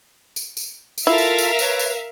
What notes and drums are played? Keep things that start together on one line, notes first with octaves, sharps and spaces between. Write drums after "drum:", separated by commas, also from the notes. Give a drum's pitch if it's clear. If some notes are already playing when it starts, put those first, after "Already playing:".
drum: tambourine
drum: tambourine
drum: tambourine
E4 F4 A4 A#4 E5 F5
drum: tambourine
drum: tambourine
B4 C#5, drum: tambourine
drum: tambourine